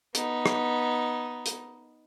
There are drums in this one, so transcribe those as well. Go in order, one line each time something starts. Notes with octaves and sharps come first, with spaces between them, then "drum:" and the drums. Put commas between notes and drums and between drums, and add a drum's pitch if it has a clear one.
B3 D#4, drum: hi-hat
drum: rim click
drum: hi-hat